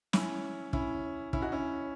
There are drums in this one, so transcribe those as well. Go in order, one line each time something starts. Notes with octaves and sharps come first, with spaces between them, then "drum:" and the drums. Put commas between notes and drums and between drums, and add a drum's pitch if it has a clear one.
C#4 E4, drum: snare
C#4 E4, drum: kick
C#4 E4, drum: kick
D#4 F#4
C#4 E4